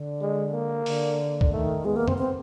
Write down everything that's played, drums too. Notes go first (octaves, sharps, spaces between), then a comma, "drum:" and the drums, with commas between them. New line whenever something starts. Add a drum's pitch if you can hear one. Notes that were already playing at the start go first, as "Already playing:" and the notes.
Already playing: D3
G#3
A#3
D3, drum: open hi-hat
drum: kick
D#3 A3
G#3 B3
A#3
C4, drum: tom F2
C4